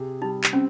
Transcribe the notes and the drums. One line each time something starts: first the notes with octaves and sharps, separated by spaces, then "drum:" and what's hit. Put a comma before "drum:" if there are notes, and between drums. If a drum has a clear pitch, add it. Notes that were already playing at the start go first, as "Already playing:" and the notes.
Already playing: C3 G#4
G3 D#4
drum: clap
C4 C#4